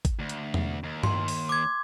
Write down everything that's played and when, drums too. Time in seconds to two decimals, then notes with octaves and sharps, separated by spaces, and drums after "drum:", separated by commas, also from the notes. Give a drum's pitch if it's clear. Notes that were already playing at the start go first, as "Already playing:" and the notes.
0.05 drum: kick G#1, hi-hat
0.19 D2
0.29 drum: hi-hat
0.54 drum: tom E2
0.84 D#2
1.03 C6, drum: tom G2
1.28 drum: open hi-hat
1.49 D6 G#6